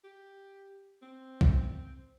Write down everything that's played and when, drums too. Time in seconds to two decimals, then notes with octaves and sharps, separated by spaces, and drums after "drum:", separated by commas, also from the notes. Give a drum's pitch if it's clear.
0.04 G4
1.02 C4
1.41 drum: kick